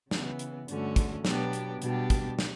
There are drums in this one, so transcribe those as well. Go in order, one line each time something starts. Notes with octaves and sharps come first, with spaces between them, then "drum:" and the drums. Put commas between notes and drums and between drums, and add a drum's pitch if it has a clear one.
C#3 E3 B3, drum: snare
drum: hi-hat
G2 D3 A3 C#4 F#4, drum: hi-hat
drum: kick, hi-hat
B2 F#3 B3 D4 G4, drum: snare
drum: hi-hat
B2 G3 D4 G4, drum: hi-hat
drum: kick, hi-hat
drum: snare